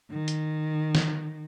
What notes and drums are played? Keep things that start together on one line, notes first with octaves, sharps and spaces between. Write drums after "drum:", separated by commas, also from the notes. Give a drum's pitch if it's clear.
D#3
drum: hi-hat
drum: snare